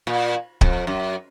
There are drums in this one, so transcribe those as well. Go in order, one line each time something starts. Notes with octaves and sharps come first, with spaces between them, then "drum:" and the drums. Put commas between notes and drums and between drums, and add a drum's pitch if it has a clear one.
A#2
F2, drum: kick D1
F#2